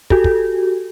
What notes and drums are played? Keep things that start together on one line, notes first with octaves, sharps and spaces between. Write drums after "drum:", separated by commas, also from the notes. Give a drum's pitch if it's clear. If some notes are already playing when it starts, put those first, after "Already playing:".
F#4 G4 A4, drum: kick
drum: kick